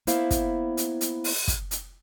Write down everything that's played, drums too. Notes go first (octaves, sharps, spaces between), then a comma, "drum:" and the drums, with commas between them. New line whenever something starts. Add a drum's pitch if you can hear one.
A#3 B3 E4 C5 E5 F5, drum: hi-hat
drum: kick, hi-hat
drum: hi-hat
drum: hi-hat
drum: open hi-hat
drum: kick, hi-hat
drum: hi-hat